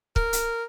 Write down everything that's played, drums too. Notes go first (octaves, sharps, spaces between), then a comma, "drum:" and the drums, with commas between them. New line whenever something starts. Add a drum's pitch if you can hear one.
A#4, drum: kick
drum: hi-hat